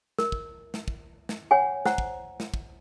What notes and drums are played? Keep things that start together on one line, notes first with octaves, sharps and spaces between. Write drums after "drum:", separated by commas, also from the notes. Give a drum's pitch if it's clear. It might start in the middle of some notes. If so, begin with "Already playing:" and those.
A#4, drum: snare
drum: kick
drum: snare
drum: kick
drum: snare
C#5 F#5 G#5
C5 F#5 A#5, drum: snare
drum: kick
drum: snare
drum: kick